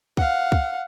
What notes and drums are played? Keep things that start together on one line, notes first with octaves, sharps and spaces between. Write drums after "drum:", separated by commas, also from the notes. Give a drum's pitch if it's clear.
F5 F#5, drum: kick
drum: kick